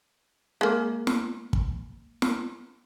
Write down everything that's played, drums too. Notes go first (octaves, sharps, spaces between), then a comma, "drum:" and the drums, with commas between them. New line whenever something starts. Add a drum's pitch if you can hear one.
G#3 A#3
drum: snare
drum: kick
drum: snare